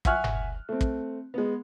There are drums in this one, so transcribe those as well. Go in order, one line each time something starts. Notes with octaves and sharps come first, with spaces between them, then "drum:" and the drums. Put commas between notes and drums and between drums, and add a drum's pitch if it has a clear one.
E5 F#5 G#5 C#6 F6 F#6, drum: kick
drum: tom F#1
A3 C4
drum: kick
G#3 B3